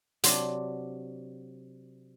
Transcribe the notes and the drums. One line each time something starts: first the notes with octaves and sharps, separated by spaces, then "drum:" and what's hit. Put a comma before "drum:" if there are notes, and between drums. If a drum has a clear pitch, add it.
C3 F#3 D4 C6, drum: hi-hat